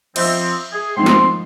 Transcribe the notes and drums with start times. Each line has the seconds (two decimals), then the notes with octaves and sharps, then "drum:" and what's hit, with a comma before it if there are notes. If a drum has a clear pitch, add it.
0.16 F3 C4 D#5 E5, drum: cymbal
0.72 G#4
0.96 G#2 D#3 F3 C4 C6
1.06 drum: snare